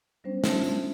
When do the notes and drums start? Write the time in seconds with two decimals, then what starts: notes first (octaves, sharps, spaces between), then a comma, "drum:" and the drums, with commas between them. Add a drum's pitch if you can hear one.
0.24 F#3 G3 B3 C#4 D4 C5
0.44 C#4 D#4 F4 E5 A5, drum: snare
0.64 drum: tambourine